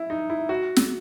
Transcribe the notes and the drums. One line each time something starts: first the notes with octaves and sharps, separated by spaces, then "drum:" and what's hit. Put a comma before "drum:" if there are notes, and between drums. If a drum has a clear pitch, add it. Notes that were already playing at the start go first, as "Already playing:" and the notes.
Already playing: E4
D#4
E4
F#4
drum: snare